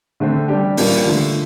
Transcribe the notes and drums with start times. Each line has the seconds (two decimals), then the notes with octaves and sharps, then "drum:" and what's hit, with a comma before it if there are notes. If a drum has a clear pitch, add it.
0.20 D3 A3 C4
0.48 G3 D4 G4
0.77 A#2 G3 D4 F4, drum: open hi-hat
1.05 D3 F3 A3